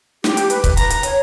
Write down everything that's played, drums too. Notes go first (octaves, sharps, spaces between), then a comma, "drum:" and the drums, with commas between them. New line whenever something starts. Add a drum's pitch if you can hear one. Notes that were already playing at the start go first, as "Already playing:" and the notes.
G4, drum: snare
drum: hi-hat
B4, drum: hi-hat
drum: kick, hi-hat
A#5, drum: hi-hat
drum: hi-hat
C#5, drum: hi-hat